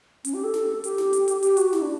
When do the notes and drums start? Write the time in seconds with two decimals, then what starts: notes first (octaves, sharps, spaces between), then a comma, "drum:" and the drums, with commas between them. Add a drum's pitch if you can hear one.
0.25 C#4, drum: hi-hat
0.34 G4
0.44 A4
0.54 drum: snare
0.84 G4, drum: hi-hat
0.98 drum: snare
1.13 drum: hi-hat
1.28 drum: hi-hat
1.43 G4, drum: hi-hat
1.57 F#4, drum: hi-hat
1.73 E4, drum: snare
1.82 D4